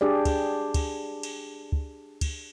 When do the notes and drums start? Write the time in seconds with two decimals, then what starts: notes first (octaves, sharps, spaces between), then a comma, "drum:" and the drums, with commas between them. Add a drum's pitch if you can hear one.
0.01 D4 G4 G#4 D5
0.25 drum: kick, cymbal
0.74 drum: kick, cymbal
1.23 drum: cymbal
1.72 drum: kick
2.21 drum: kick, cymbal